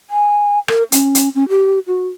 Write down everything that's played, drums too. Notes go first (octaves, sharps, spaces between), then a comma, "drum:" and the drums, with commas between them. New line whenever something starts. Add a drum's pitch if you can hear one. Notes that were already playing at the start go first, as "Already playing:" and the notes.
G#5
A#4, drum: rim click
C#4, drum: hi-hat
drum: hi-hat
C#4
G4
F#4